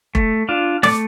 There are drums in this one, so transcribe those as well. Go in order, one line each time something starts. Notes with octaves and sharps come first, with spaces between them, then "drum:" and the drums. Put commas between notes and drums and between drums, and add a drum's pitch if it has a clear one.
A3, drum: kick F1
D4 F4
A3 D5 D6, drum: snare